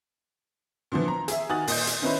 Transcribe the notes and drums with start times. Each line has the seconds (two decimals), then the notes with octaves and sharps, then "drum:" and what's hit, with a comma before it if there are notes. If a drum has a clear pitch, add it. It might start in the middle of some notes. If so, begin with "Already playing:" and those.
0.92 A#2 D3 E3 F3
1.08 A#5
1.28 G#4 E5, drum: hi-hat
1.49 D#3 F#4 G#5 D#6 A6 F#7
1.67 A#2 D#5 G6, drum: open hi-hat
1.87 drum: hi-hat
2.02 D#3 C#4 D#4 E4 B4 C5